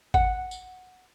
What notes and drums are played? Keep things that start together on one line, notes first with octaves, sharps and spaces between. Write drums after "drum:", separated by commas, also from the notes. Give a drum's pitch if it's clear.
F#5, drum: kick G#1
drum: tambourine